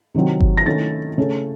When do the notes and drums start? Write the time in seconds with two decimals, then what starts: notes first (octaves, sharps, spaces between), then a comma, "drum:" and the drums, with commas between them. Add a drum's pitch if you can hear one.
0.14 C3 D#3 F#3 C4
0.40 drum: kick G1
0.57 A#6
0.66 D#3 A3 C#4 A6
1.18 C#3 A3 C#4